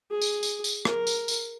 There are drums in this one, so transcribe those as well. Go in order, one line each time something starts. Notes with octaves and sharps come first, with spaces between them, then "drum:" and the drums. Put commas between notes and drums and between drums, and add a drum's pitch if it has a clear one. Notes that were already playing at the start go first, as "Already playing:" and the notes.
G#4
drum: tambourine
drum: tambourine
drum: tambourine
A#4, drum: rim click
drum: tambourine
drum: tambourine